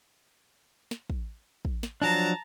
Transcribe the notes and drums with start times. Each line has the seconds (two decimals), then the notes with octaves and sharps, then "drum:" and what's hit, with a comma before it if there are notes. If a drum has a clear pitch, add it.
0.91 drum: snare
1.10 drum: kick
1.65 drum: kick
1.83 drum: snare
2.02 F3 F#3 D4 A5 A#5